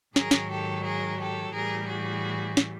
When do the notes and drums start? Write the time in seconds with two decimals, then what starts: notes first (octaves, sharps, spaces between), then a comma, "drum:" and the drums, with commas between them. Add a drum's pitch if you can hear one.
0.16 G#2 D#3 F#3 G#4 A#4, drum: snare
0.31 drum: snare
0.51 G4 A4
0.84 G#4 A#4
1.19 G4 A4
1.53 A2 E3 G3 G#4 A#4
1.87 F#4 G#4
2.57 drum: snare